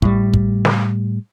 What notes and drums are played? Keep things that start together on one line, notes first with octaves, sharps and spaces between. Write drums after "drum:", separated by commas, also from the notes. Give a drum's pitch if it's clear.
A2 G3, drum: kick
drum: kick
drum: snare